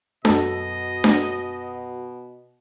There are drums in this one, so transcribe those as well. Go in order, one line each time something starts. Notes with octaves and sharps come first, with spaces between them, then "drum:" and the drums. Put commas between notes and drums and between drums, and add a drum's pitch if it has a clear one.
F#2 B2 F#4 A4 D#5, drum: snare D4
drum: snare D4